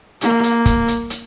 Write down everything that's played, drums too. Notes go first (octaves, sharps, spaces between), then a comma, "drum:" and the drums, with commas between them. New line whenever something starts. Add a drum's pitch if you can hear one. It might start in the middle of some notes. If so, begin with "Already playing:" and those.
A#3, drum: hi-hat
drum: hi-hat
drum: kick, hi-hat
drum: hi-hat
drum: hi-hat